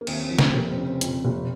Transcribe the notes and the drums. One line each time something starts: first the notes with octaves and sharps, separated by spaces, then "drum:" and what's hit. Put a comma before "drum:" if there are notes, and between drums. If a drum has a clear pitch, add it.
A#3
D#2 C4, drum: cymbal
C4
F3
C4, drum: snare
C4
F1 A#3
C4
C#3
C4
F2, drum: hi-hat
F1